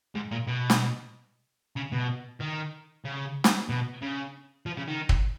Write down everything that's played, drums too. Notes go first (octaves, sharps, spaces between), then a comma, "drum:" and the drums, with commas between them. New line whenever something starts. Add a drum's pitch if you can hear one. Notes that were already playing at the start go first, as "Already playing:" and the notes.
G#2
A#2
B2
drum: snare
C#3
B2
D#3
C#3
drum: snare
B2
C#3
F3
C#3
D#3
drum: kick